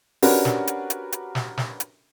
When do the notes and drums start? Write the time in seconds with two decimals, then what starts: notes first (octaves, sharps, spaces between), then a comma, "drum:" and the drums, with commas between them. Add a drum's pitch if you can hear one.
0.22 C#4 D4 F#4 G4 A#4 B4, drum: open hi-hat
0.45 drum: snare
0.67 drum: hi-hat
0.90 drum: hi-hat
1.12 drum: hi-hat
1.35 drum: snare
1.57 drum: snare
1.80 drum: hi-hat